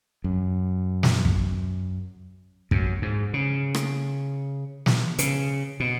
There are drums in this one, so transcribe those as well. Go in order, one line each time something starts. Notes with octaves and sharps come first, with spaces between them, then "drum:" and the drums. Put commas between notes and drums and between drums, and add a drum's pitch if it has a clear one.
F#2
drum: snare
drum: kick
F#2, drum: kick
G#2
C#3
drum: rim click
drum: snare
C#3, drum: hi-hat
B2